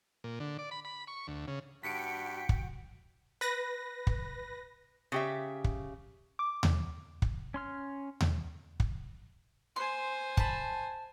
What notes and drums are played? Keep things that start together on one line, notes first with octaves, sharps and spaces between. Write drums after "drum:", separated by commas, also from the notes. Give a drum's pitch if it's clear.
A#2
D3
D5
B5
B5
C#6
D2
C#3
G2 F#4 G5 B6 C#7 D7
drum: kick
B4 A#6
drum: kick
C#3 G4 E5
drum: kick
D6
drum: tom D#2
drum: kick
C#4 C6 F6
drum: tom D#2
drum: kick
C5 G#5 C6
A5 B5, drum: kick